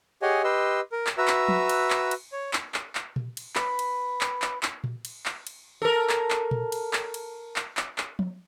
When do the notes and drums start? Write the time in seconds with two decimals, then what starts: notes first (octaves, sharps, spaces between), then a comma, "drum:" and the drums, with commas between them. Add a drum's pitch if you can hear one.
0.22 G4 G#4 C#5 D#5 F#5 G#5
0.44 G4 B4 D#5 C6 E6
0.92 A#4
1.07 drum: clap
1.18 F#4 B4 E5 A#5 E6
1.28 drum: clap
1.49 drum: tom F3
1.69 drum: cymbal
1.90 drum: clap
2.11 drum: cymbal
2.32 C#5
2.53 drum: clap
2.74 drum: clap
2.95 drum: clap
3.16 drum: tom A#2
3.37 drum: cymbal
3.55 B4, drum: clap
3.79 drum: cymbal
4.21 drum: clap
4.42 drum: clap
4.63 drum: clap
4.84 drum: tom A#2
5.05 drum: cymbal
5.26 drum: clap
5.47 drum: cymbal
5.82 A4 A#4
6.09 drum: clap
6.30 drum: clap
6.51 drum: tom A#2
6.72 drum: cymbal
6.93 drum: clap
7.14 drum: cymbal
7.56 drum: clap
7.77 drum: clap
7.98 drum: clap
8.19 drum: tom F3